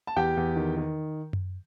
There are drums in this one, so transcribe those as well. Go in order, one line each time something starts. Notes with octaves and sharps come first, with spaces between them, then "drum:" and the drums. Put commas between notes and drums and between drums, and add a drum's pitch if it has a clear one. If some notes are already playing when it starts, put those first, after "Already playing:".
A5
E2 G4 G5
E2
D#3
D#3
drum: tom F#2